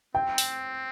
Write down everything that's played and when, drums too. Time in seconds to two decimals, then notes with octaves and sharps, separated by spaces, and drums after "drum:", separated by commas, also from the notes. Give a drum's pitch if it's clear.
0.15 C4 G5
0.38 drum: open hi-hat